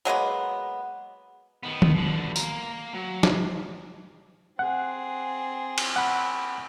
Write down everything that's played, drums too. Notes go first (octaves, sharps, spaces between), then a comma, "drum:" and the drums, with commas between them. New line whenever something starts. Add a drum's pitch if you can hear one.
F#3 G#3 A#3 B3
D#3 B3
drum: tom D#3
B2 D3
A#3 A#5, drum: tambourine
F#3
drum: snare
C4 G#4 F#5
drum: cymbal
F#5 B5